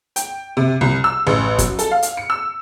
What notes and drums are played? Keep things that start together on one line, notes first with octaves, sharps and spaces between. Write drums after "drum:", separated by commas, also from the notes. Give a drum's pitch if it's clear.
G5, drum: hi-hat
C3
C2
E6
A1
F#3, drum: kick, hi-hat
A4, drum: hi-hat
F5
drum: hi-hat
C#7
E6